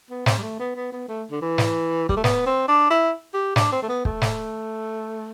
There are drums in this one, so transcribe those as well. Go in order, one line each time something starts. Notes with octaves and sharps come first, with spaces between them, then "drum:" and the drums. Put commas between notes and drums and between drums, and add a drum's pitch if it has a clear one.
B3
C4, drum: snare
G3
A3
B3
B3
B3
A3
D3
E3
drum: snare
G3, drum: kick
A3
B3, drum: snare
C4
D4
E4
G4
D4, drum: snare
C4
A3
B3
A3, drum: kick
drum: snare